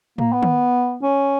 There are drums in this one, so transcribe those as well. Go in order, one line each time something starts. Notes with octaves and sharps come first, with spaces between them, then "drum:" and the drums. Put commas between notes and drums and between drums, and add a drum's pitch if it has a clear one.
A#3, drum: tom A2
B3
drum: tom D#3
C#4